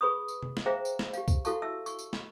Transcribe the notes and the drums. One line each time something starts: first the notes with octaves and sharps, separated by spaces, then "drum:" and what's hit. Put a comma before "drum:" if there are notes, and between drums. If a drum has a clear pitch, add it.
G#4 B4 B5 C#6 D#6
drum: tambourine
drum: tom C3
drum: snare
G#4 C5 E5 F5 G5 A#5
drum: tambourine
drum: snare
G4 F5, drum: tambourine
drum: kick C2, tambourine
E4 F#4 A4 F5 A5 C#6, drum: tambourine
E5 A5 E6
C#6, drum: tambourine
drum: tambourine
drum: snare